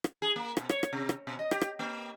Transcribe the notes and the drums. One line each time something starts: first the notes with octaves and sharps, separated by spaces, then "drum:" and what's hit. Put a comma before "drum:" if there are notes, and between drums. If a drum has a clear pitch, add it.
drum: rim click
G#4
A#3
B2, drum: rim click
C#5, drum: rim click
drum: rim click
C3
drum: rim click
B2
D#5
G4, drum: rim click
drum: rim click
A#3